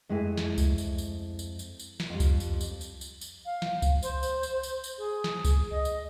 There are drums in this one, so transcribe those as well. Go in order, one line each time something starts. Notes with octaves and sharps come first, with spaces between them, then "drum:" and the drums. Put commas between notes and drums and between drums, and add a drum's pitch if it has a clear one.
F2 G#3 A3 E4 G#5
drum: snare
drum: kick C2, tambourine
drum: tambourine
drum: tambourine
drum: tambourine
drum: tambourine
drum: tambourine
drum: snare
F2 F3 G3
drum: kick C2, tambourine
drum: tambourine
drum: tambourine
drum: tambourine
drum: tambourine
drum: tambourine
F5
drum: snare
drum: kick C2, tambourine
C5, drum: tambourine
drum: tambourine
drum: tambourine
drum: tambourine
drum: tambourine
G#4
drum: snare
drum: kick C2, tambourine
D#5
drum: tambourine